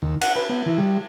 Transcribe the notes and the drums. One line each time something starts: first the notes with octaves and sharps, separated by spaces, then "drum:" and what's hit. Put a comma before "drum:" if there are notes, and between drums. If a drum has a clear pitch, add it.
D#2
F#5, drum: cymbal
B4
B3
E3
G3